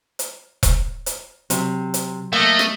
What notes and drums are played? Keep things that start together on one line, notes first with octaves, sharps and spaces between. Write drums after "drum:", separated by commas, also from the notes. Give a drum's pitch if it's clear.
drum: hi-hat
drum: kick E1, hi-hat
drum: hi-hat
C3 F#3, drum: hi-hat
drum: hi-hat
A3 A#3 D#5
drum: rim click